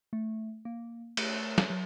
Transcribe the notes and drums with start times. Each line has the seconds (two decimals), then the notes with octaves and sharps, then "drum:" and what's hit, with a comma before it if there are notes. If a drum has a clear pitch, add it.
0.13 A3
0.65 A#3
1.17 A3, drum: cymbal
1.58 drum: snare
1.70 F#3